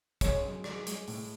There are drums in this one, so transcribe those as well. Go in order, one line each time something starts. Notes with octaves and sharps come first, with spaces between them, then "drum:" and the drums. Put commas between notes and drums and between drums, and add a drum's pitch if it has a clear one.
G#3 C#5, drum: kick, hi-hat
F#2
G#3 D5, drum: rim click
G#3, drum: hi-hat
A2, drum: open hi-hat